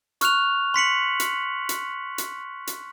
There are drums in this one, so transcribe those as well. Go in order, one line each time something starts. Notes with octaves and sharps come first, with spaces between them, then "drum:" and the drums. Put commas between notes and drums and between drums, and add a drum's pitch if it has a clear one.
C#6 F6 F#6 F7, drum: hi-hat
C6 B6 C#7 F#7
drum: hi-hat
drum: hi-hat
drum: hi-hat
drum: hi-hat